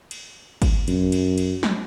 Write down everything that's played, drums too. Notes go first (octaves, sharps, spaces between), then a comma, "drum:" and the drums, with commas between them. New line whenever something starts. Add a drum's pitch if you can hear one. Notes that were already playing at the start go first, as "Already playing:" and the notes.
drum: cymbal
drum: kick, cymbal
F#2, drum: cymbal
drum: cymbal
drum: cymbal
drum: snare